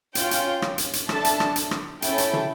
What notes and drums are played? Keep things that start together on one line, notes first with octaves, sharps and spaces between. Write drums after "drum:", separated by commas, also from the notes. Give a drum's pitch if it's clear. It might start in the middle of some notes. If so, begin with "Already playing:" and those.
C#4 F4 C#5 G5, drum: hi-hat
drum: hi-hat
drum: rim click
drum: hi-hat
drum: hi-hat
D4 A4 E5 A5, drum: rim click
drum: hi-hat
drum: rim click
drum: hi-hat
drum: rim click
C#4 E4 A4 E5 G5, drum: hi-hat
drum: hi-hat
drum: tom